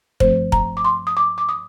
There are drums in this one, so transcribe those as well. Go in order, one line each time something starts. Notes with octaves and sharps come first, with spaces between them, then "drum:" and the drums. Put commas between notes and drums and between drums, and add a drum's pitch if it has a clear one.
G2 F3 A3 C4 C5, drum: kick
A#5, drum: kick
D6
C6
D#6
D6
D6
D#6